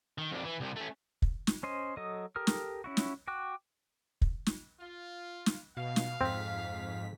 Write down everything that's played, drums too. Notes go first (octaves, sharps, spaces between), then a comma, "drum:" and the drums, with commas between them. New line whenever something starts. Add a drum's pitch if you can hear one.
D#3
F2 D4
E3
C2 C3
A3 C#4
drum: kick
drum: snare
C#4 C5 D#5
F#3 A4 D#5 D#6
G4 A4 A#4 D#6 F6
drum: snare
C#4 E4 F#4
drum: snare
F#4 G5 D6 F#6
drum: kick
drum: snare
F4
drum: snare
B2 F5
drum: snare
F2 G#2 C4 B6